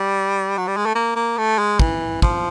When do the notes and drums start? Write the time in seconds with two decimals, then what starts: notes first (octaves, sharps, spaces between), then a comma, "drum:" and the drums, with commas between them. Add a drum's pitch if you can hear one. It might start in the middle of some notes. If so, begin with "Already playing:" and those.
Already playing: G3
0.57 F#3
0.67 G3
0.77 G#3
0.86 A3
0.95 A#3
1.16 A#3
1.37 A3
1.58 G#3
1.79 E3, drum: kick
2.22 F3, drum: kick